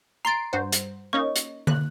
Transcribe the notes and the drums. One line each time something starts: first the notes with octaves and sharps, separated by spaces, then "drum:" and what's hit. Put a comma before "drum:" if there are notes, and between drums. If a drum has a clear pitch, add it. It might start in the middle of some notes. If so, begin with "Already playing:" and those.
A#5 C6 A6 C7 D7
G2 F#4 C5
drum: hi-hat
A#3 C#4 D#4 C#6
drum: hi-hat
F#6, drum: tom